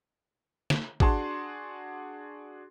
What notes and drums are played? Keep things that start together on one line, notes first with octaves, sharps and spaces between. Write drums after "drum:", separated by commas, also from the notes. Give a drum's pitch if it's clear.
drum: snare
D4 F#4 G#4 A5 C6, drum: kick